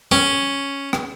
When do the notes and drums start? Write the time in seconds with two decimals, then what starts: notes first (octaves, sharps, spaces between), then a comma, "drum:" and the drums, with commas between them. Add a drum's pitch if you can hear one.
0.12 C#4, drum: rim click
0.93 drum: rim click